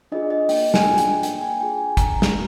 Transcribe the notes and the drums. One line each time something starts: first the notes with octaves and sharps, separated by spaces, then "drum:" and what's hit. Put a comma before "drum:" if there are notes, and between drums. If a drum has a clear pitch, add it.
D4 F4 G#4 D#5
D#5
A#3 G5, drum: open hi-hat
G#5, drum: snare
D4 F4 G#4
G5, drum: hi-hat
A#3 G5, drum: hi-hat
G#5
D4 F4 G#4 G5
G#5
D4 A#5, drum: kick G1, hi-hat
drum: snare